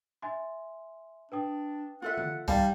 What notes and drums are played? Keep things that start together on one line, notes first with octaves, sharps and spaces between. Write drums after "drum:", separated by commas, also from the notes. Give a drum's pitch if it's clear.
E5 G#5 C6
D4 B4 G5 D#6
F4 A4 E5 F#5
drum: tom D3
G3 D#4 F5 A5, drum: kick C2